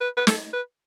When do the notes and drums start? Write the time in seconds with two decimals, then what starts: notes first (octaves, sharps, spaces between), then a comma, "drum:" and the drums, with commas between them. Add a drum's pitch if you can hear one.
0.01 B4
0.17 B4
0.27 A4, drum: snare
0.53 B4